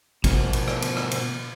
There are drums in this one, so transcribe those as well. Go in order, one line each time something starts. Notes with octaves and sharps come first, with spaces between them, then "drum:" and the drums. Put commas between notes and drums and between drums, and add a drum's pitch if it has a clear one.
B2 F3, drum: kick G#1, cymbal
drum: cymbal
drum: rim click
drum: cymbal
drum: rim click
drum: cymbal